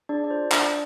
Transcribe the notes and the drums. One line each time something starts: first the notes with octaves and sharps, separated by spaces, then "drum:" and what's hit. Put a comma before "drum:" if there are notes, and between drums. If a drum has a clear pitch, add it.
D4 G#4 D5
D5
F4 C5
D4 D5, drum: clap